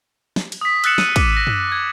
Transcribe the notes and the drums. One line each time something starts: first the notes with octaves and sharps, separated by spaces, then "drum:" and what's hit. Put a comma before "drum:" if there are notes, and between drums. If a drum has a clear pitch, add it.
drum: snare
drum: cymbal
D#6 B6
E6 F#6 A6 C#7 E7 F#7, drum: cymbal
D#7, drum: snare
D6, drum: kick, cymbal
A#6
drum: tom F#2
G#6